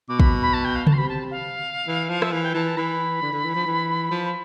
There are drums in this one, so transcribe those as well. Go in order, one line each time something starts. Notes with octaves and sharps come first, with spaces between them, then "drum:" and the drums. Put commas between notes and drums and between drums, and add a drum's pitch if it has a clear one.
B2 D6
B5, drum: kick
B5
A5
G5
F5
A5, drum: tom C#3
C6
C3 B5
A5
F5
E3
F3
E5, drum: rim click
E3 F5
G5
E3 A5
A5
E3 B5
D3
D3
E3
F3
E3
F3